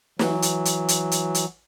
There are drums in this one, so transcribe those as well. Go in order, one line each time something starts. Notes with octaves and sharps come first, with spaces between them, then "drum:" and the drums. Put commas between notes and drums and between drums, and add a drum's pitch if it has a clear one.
E3 F#3, drum: snare
drum: hi-hat
drum: hi-hat
drum: hi-hat
drum: hi-hat
drum: hi-hat